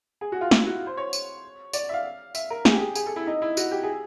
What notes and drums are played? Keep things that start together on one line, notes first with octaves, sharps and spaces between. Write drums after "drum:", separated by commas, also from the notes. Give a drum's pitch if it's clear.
G#4
F#4
F4
E4, drum: snare
F#4
C5
C#5
drum: tambourine
D5, drum: tambourine
E5
F5
E5, drum: tambourine
A#4
G#4, drum: snare
G4
G#4
G#4, drum: tambourine
A4
E4
D#4
E4
F#4, drum: tambourine
G4
G#4